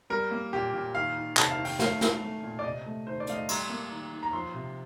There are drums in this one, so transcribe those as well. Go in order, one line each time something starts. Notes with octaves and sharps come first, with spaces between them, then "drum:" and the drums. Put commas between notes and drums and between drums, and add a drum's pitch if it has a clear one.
G3 A#4
A#3
A#2 G4
A#2
D#3 F5
D#3
C3 A5, drum: clap
F5
D#3
G5, drum: open hi-hat
A3 F5, drum: snare
A3, drum: snare
A3
A#2
D5
C3 D#5
A3
D#3 C5
D5
A3 F5, drum: hi-hat
D#5
G3 C6, drum: cymbal
A#3
D#3
D#3
A#5
F3 C6
C3